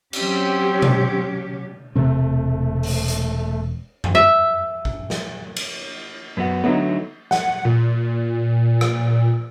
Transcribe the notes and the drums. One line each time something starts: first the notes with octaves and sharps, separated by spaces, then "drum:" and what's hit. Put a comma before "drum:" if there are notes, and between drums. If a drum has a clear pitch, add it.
F#3 C4 C#4 G4, drum: cymbal
drum: tom B2
E1 C3 A3 C4
drum: open hi-hat
drum: hi-hat
drum: tom F2
E5
drum: kick
drum: snare
drum: cymbal
F#2 B3 F#4
D3 F#3 A3 B3 D#4
F#5, drum: snare
A#2
drum: rim click